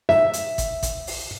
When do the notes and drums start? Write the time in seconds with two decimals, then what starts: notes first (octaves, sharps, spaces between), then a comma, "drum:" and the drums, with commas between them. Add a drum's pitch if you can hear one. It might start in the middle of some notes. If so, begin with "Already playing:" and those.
0.09 E5, drum: snare
0.33 drum: hi-hat
0.58 drum: kick G#1, hi-hat
0.83 drum: kick G#1, hi-hat
1.07 drum: open hi-hat